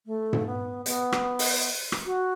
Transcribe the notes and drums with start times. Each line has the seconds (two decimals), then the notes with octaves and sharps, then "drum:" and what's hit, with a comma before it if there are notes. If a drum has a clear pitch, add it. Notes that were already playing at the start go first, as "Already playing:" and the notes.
0.06 A3
0.33 drum: tom G#2
0.46 B3
0.86 B3, drum: hi-hat
1.12 drum: rim click
1.39 drum: open hi-hat
1.92 drum: rim click
2.06 F#4